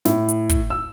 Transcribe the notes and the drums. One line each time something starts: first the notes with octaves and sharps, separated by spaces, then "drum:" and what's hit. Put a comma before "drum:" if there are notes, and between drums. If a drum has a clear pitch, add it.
A2, drum: snare
drum: hi-hat
drum: kick, hi-hat
E6